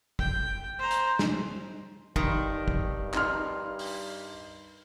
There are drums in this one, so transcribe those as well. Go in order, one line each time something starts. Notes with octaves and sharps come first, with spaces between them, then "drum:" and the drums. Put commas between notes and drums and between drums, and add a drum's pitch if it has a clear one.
G5, drum: kick
C5 A#5
drum: hi-hat
drum: snare
G2 D#3, drum: kick
drum: kick
D#4 C6 F6, drum: clap
drum: open hi-hat